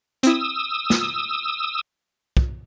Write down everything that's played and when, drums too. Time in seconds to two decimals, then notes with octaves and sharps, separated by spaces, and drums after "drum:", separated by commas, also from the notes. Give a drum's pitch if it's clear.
0.23 C4 E4 D#6 E6, drum: hi-hat
0.90 drum: snare
2.37 drum: kick